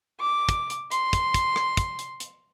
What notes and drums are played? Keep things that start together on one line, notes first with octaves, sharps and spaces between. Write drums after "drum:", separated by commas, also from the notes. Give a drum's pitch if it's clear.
D6
drum: kick, hi-hat
drum: hi-hat
C6, drum: hi-hat
drum: kick, hi-hat
drum: kick, hi-hat
drum: rim click
drum: kick, hi-hat
drum: hi-hat
drum: hi-hat